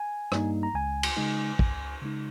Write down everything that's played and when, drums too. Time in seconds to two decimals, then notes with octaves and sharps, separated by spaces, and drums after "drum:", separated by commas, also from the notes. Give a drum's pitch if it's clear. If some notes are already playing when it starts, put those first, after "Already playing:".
Already playing: G#5
0.32 G2 G3 A#3 D#4, drum: rim click
0.63 A#5
0.74 C#2 G#5
1.03 drum: cymbal
1.17 C#3 G#3 D#4
1.59 C#2, drum: kick
2.02 C#3 G#3 D#4